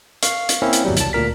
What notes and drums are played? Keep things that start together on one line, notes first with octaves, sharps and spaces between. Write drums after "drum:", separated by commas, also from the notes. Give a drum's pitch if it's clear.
F5 C#6, drum: hi-hat
drum: hi-hat
A#3 C4 C#4 E4
drum: hi-hat
G#1 E2 F#3 G3
C2 A5, drum: hi-hat
D2 A#2 A#4 B6